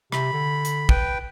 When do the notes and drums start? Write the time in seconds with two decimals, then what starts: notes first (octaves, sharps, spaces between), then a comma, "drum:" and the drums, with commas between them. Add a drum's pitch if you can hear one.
0.12 C3 B5, drum: rim click
0.33 D3
0.65 drum: hi-hat
0.89 B4 G5, drum: kick